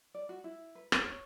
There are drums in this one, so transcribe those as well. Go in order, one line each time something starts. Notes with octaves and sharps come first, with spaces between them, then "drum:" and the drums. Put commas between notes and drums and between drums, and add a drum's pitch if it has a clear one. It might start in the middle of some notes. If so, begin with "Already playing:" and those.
D5
F#4
E4
B4
B4, drum: rim click
C#5